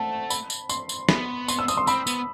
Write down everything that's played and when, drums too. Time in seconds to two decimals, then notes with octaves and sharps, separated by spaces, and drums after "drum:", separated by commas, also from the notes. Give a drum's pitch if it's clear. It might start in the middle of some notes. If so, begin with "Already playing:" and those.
Already playing: A3 C5 F#5 A5
0.30 B5, drum: tambourine
0.50 drum: tambourine
0.69 C6, drum: tambourine
0.89 drum: tambourine
1.09 B3 B5, drum: snare
1.48 C6, drum: tambourine
1.59 E6
1.68 D#6, drum: tambourine
1.77 C6
1.87 C4 B5, drum: tambourine
2.07 B3, drum: tambourine